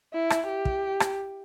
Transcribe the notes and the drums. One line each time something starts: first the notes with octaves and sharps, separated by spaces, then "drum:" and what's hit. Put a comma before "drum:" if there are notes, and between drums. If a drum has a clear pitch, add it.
E4
drum: rim click
G4
drum: kick
drum: rim click